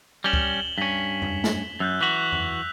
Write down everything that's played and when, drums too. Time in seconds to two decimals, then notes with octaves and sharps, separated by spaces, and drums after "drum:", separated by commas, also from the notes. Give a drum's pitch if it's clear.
0.24 G3 C#4 E7 F#7 G7
0.33 drum: kick C#2
0.78 G2 C#4 B6 F#7
1.22 drum: tom E2
1.44 drum: snare A3
1.80 F#2 E6 F#6 G6
2.01 E3 F#4 F#6 B6 F7
2.32 drum: tom E2